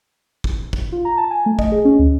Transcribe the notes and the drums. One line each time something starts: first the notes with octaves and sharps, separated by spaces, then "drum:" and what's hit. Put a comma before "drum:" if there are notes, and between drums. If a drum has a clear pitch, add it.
drum: kick
drum: kick
F4
A#5
A5
G#5
A3
D#5, drum: kick
G#4
C#4
D2